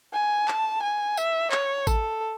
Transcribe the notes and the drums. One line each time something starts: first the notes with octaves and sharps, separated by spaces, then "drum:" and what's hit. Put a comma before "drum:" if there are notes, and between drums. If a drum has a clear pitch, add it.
G#5
A5, drum: clap
G#5
E5, drum: tambourine
C#5, drum: clap
A4, drum: kick A1, tambourine